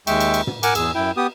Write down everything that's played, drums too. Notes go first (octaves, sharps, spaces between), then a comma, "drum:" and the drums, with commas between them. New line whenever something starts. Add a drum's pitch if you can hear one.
D#2 G#3 E5 G5 C#6, drum: cymbal
drum: cymbal
drum: cymbal
drum: tom
A#4 F#5 G#5 D6, drum: cymbal
E2 G#4 E6, drum: cymbal
F#2 E4 G5
B3 G4 D#6